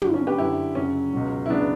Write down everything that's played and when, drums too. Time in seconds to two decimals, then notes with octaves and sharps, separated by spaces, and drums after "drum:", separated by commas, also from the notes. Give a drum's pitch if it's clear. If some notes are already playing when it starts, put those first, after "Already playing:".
0.02 G2 D3 F#3, drum: tom
0.14 C#4
0.27 G4 B4
0.38 F#2 D3 F#3 E4 G4
0.75 F#2 C#3 F#3 C#4
1.13 C#2 B2 F#3
1.46 E4
1.49 C#2 C#3 F#3 B3 D4